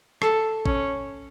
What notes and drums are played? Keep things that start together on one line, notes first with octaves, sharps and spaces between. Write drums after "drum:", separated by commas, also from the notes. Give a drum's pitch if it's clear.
A4, drum: rim click
C#4, drum: kick